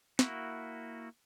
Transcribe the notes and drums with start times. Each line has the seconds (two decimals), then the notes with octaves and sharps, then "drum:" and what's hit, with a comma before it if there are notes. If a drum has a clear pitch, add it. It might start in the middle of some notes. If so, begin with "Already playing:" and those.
0.19 A#3 E4 F#4, drum: snare